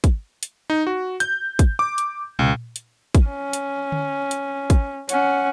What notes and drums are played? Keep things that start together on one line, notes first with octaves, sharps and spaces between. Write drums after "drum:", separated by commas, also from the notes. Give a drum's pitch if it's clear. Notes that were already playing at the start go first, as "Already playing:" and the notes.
drum: kick, hi-hat
drum: hi-hat
D#4
F#4
G6, drum: hi-hat
drum: kick, hi-hat
D6
drum: hi-hat
C#2, drum: tom A#2
drum: hi-hat
drum: kick, hi-hat
C#4
drum: hi-hat
drum: tom D3
drum: hi-hat
drum: kick, hi-hat
C#4 F#5, drum: hi-hat